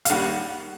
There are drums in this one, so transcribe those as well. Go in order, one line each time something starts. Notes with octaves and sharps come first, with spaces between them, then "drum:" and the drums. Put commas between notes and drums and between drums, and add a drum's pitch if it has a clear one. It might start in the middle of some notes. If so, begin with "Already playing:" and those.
F5, drum: hi-hat
D#2 D#3 G3 A#3 F#5